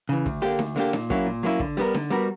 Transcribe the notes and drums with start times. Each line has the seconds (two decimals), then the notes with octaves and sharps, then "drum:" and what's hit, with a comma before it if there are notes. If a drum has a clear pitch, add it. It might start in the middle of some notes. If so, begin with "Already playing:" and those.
0.09 C#3 E3
0.26 D2, drum: kick
0.42 D3 A#3 D4 G4
0.59 D2, drum: snare D#4
0.76 D3 A#3 D4 G4
0.93 A#2, drum: snare D#4
1.10 F#3 A#3 C#4 E4, drum: kick
1.26 A#2
1.43 F#3 A#3 C#4 E4
1.60 D3, drum: kick
1.77 G3 B3 F#4 A#4
1.95 D3, drum: snare D#4
2.10 G3 B3 F#4 A#4